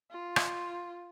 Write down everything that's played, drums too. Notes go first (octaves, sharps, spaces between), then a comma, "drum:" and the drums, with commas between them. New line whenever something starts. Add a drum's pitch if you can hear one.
F4
drum: rim click